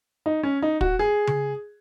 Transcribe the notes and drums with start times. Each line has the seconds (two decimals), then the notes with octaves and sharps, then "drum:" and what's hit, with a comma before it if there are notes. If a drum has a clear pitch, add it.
0.26 D#4
0.43 C#4
0.62 D#4
0.81 F#4, drum: kick
0.99 G#4
1.27 drum: tom C#3